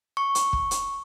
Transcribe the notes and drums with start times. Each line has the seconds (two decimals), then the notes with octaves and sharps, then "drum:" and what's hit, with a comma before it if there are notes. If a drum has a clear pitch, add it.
0.17 C#6
0.35 drum: hi-hat
0.53 drum: kick
0.71 drum: hi-hat